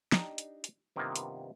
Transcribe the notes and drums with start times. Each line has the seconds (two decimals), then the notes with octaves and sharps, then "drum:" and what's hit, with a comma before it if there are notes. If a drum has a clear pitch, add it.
0.12 D4 D#4 G4, drum: snare
0.38 drum: hi-hat
0.64 drum: hi-hat
0.96 G2 C3 D#3 A#3 B3 F4
1.16 drum: hi-hat